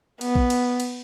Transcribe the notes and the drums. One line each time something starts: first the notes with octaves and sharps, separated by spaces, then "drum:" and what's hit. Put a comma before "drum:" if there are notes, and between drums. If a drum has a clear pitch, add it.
B3, drum: cymbal
drum: kick A#1
drum: cymbal
drum: cymbal